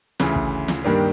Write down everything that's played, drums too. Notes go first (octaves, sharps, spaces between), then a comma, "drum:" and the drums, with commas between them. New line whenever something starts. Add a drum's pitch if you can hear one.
D2 C#3 E3, drum: snare
drum: kick
drum: snare
G2 D#3 G3 A#3 D4